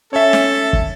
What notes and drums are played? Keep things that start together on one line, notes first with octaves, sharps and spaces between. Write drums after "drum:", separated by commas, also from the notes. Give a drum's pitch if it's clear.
C#4 A4 C#5 E5
drum: snare
drum: kick